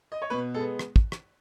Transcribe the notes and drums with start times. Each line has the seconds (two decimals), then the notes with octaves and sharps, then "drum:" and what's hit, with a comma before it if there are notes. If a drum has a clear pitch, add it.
0.12 D#5
0.22 C#5
0.30 B2 B4
0.54 G#3 B3 A4
0.79 drum: rim click
0.96 drum: kick
1.12 drum: rim click